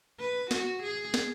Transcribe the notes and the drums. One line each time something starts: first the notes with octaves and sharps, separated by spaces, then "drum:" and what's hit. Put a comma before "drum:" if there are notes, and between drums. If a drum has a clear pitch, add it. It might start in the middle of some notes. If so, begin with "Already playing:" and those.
B4
F#4, drum: snare
G#4
drum: snare